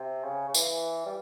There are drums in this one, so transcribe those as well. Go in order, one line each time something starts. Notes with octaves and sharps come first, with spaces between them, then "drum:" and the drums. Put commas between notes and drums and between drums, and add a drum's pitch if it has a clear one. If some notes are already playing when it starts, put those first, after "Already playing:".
Already playing: C3
C#3
C#3
E3, drum: tambourine
G3